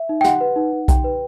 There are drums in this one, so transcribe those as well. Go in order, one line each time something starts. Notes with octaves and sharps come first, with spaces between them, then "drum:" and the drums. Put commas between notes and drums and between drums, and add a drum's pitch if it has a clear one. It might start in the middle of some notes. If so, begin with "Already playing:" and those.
Already playing: E5
D#4
G5
G4 F#5, drum: snare
B4
D#4
D#4
G4 G5, drum: kick B1, hi-hat
B4